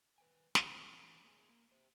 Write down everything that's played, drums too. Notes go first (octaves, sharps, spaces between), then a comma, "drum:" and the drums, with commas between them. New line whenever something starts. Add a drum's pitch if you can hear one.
B4 C5 G5 G#5
E3 C4 F4, drum: snare
A#3 C4 G#4
A#3
G4 C5